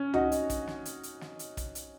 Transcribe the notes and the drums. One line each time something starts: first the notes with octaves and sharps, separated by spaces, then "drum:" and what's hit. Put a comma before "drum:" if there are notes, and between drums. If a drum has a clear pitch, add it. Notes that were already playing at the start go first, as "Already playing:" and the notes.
Already playing: C#4
D#4 F#4, drum: tom
drum: hi-hat
drum: kick, hi-hat
drum: snare
drum: hi-hat
drum: hi-hat
drum: snare
drum: hi-hat
drum: kick, hi-hat
drum: hi-hat